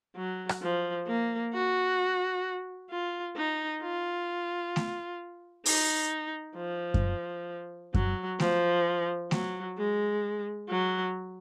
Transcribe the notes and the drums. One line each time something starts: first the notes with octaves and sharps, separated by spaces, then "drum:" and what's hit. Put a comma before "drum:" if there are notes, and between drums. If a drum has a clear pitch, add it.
F#3
drum: rim click
F3
A#3
F#4
F4
D#4
F4
drum: snare A3
D#4, drum: open hi-hat
F3
drum: kick F#2
F#3, drum: kick F#2
F3, drum: snare A3
F#3, drum: snare A3
G#3
F#3